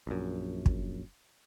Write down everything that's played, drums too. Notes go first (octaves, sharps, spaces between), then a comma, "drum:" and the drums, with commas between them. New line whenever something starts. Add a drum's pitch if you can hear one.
A#1 F#2
drum: kick